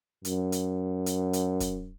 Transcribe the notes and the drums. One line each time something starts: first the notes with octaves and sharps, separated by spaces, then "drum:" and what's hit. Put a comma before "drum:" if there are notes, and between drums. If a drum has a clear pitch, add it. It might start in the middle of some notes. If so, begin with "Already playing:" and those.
F#2, drum: hi-hat
drum: hi-hat
drum: hi-hat
drum: hi-hat
drum: kick, hi-hat